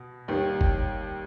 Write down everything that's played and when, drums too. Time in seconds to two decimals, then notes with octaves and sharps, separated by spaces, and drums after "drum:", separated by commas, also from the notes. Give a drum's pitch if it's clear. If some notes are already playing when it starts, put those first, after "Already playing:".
Already playing: B2
0.28 D#2 D#3 G3
0.61 drum: kick F#1